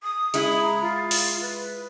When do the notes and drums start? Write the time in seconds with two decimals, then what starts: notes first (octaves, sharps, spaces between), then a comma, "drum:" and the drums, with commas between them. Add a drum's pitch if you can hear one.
0.03 D#6
0.34 G#3 E4, drum: hi-hat
0.61 A#5
0.81 F4
1.11 drum: open hi-hat
1.41 B4